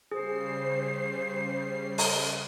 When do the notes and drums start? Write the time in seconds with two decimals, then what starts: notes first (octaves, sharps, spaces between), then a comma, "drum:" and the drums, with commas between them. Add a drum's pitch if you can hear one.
0.12 C#3 G3 G#4 C5 C7
1.98 drum: open hi-hat